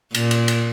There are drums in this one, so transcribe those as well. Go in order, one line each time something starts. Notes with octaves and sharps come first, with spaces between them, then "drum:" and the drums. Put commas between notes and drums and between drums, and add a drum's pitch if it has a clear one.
A#2, drum: cymbal
drum: cymbal
drum: cymbal